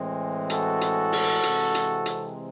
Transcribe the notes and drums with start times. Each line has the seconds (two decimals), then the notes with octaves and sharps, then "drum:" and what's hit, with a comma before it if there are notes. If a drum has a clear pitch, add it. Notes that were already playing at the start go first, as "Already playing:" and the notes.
Already playing: A2 E3 G#3 C4
0.50 F#4 A4, drum: hi-hat
0.81 drum: hi-hat
1.12 drum: open hi-hat
1.43 C3 E3 G#3 C4, drum: hi-hat
1.75 drum: hi-hat
2.06 drum: hi-hat